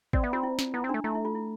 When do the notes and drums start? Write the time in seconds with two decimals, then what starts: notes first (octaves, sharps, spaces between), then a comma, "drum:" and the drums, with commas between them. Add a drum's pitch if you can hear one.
0.13 C4 D5, drum: kick
0.23 B3 E5
0.33 C4 F4
0.43 E4
0.59 drum: snare
0.74 B3 E4
0.84 C4
0.89 A3 D4
1.04 A3 E4
1.15 E4
1.25 F4
1.35 E4